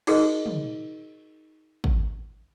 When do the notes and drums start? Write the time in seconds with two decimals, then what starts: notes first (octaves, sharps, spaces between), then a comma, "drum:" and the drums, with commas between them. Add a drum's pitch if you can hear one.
0.07 D#4 F#4 G#4 A#4 C5 D#5, drum: cymbal
0.46 drum: tom
1.84 drum: kick